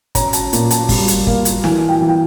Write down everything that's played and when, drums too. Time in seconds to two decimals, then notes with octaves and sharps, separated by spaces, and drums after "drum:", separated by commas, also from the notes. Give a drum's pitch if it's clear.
0.15 C#4 A#5, drum: kick, hi-hat
0.33 A5, drum: hi-hat
0.53 A#2, drum: hi-hat
0.71 A5, drum: hi-hat
0.89 G3, drum: kick, open hi-hat
1.08 drum: hi-hat
1.27 A#3, drum: kick
1.45 drum: hi-hat
1.64 E3 G#5, drum: snare
1.89 G5
2.01 E3
2.08 G5